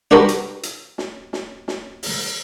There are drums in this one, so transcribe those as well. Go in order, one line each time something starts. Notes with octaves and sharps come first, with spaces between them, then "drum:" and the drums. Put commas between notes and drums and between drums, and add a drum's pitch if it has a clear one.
D4 F#4 G4 A#4 B4
drum: hi-hat
drum: hi-hat
drum: snare
drum: snare
drum: snare
drum: open hi-hat